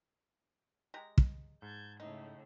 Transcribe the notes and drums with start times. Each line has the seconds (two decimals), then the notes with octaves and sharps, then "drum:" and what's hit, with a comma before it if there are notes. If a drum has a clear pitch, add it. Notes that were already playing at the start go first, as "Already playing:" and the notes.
0.94 G#3 G4 A#5
1.18 drum: kick
1.62 G#2 A5 G6 G#6
2.00 A2 C#3 A3 D#4